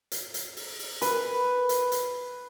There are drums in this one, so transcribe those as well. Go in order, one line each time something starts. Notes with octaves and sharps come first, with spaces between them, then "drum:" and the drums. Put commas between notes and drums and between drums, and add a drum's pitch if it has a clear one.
drum: hi-hat
drum: hi-hat
drum: open hi-hat
drum: open hi-hat
B4, drum: hi-hat
drum: hi-hat
drum: hi-hat